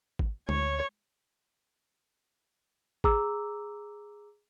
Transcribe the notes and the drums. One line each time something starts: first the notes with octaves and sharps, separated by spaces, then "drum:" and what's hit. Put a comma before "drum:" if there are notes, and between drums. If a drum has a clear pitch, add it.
drum: kick G#1
D2 C#5, drum: tom G#3
G#4 A#5 D6 E6, drum: kick G#1